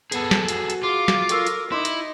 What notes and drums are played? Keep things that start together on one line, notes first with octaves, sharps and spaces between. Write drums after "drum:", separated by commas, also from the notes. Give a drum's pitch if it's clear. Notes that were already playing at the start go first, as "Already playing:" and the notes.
B3 G#4 A4, drum: hi-hat
drum: snare
F#4, drum: hi-hat
drum: hi-hat
F4 G#4 D6
drum: snare
A4 A#4 C#6 E6, drum: hi-hat
drum: hi-hat
D#4 E4 C6 D6
drum: hi-hat